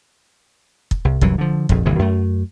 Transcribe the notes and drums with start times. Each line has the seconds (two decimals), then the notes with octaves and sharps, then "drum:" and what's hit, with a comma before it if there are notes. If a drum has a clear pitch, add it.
0.91 drum: kick
1.05 C2
1.21 C2 F#2 E3 F#3, drum: kick
1.38 D3 F3
1.69 A#1 F2, drum: kick
1.86 G1 D#2 C3 E3
1.99 F#2 A3